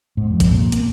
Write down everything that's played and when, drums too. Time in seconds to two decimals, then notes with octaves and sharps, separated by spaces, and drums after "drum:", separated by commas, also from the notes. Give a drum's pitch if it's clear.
0.17 G#2
0.30 F2
0.40 drum: kick, hi-hat
0.52 A#2
0.72 A#3, drum: hi-hat